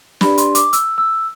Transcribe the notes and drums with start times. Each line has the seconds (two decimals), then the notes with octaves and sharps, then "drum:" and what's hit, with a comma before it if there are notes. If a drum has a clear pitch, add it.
0.21 D4 G4 B4 D5 B5, drum: snare
0.38 C6, drum: hi-hat
0.55 D6, drum: hi-hat
0.73 E6, drum: hi-hat
0.98 E6